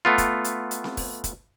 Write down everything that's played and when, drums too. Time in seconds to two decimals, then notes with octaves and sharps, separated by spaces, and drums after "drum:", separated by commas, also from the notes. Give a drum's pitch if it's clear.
0.05 A3 B3 F4
0.18 drum: kick, hi-hat
0.44 drum: hi-hat
0.71 drum: hi-hat
0.84 drum: snare C4
0.97 drum: kick, open hi-hat
1.24 drum: kick, hi-hat